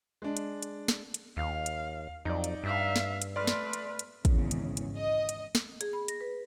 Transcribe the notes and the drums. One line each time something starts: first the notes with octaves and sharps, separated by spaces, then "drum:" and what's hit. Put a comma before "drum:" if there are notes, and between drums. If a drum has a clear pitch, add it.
G#3 D4
drum: hi-hat
drum: hi-hat
drum: snare
drum: hi-hat
D#2 F5
drum: hi-hat
F2 F#3 D#4 D5
drum: hi-hat
G2 E5 F5
drum: snare
drum: hi-hat
A3 B4 D5 C6 F6
drum: snare
drum: hi-hat
drum: hi-hat
G#1 E2 C#3, drum: kick, hi-hat
drum: hi-hat
drum: hi-hat
D#5
drum: hi-hat
drum: snare
G#4, drum: hi-hat
B5
A#6, drum: hi-hat
B4